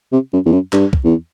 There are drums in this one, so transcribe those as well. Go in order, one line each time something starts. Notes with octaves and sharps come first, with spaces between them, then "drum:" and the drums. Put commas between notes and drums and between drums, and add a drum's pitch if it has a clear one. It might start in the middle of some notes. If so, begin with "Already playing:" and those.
C3
F#2
E2
F#2
G2, drum: clap
drum: kick
E2